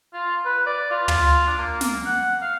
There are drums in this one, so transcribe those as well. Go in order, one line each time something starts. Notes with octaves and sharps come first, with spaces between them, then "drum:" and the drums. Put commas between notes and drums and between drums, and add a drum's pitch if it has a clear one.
F4
B4
D5
F4
F4, drum: tom
D4
A#3
drum: snare
F#5
F5